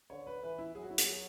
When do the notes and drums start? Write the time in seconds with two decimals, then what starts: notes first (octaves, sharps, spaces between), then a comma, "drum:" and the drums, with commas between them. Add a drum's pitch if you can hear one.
0.10 D3 C#5
0.27 B4
0.43 E3 B4
0.58 E4
0.75 F#3 G#4
0.82 F#4
0.91 E4
0.98 F#4, drum: hi-hat
1.08 G#4